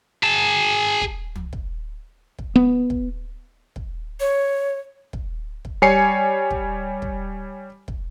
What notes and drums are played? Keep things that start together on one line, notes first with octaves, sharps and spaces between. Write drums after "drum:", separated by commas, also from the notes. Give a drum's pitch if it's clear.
G#4 A5
drum: kick
drum: tom
drum: kick
drum: kick
B3
drum: kick
drum: kick
C#5
drum: kick
drum: kick
G3 C#5 G#5 C7 C#7
drum: kick
drum: kick
drum: kick